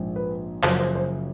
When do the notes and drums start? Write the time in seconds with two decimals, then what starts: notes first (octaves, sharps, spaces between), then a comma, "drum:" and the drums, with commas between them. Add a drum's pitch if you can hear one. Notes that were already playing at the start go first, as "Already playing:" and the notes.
Already playing: A#1 G#2 F3
0.16 B4
0.63 F#1 F#2 C#3 F3 C5, drum: clap
0.79 C5
0.95 C5